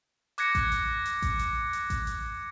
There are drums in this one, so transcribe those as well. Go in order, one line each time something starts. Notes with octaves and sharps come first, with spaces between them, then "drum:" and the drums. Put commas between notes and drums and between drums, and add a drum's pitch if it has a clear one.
D6 F#6 G#6 A#6 C#7, drum: hi-hat
drum: kick A1, hi-hat
drum: hi-hat
drum: hi-hat
drum: kick A1, hi-hat
drum: hi-hat
drum: hi-hat
drum: kick A1, hi-hat
drum: hi-hat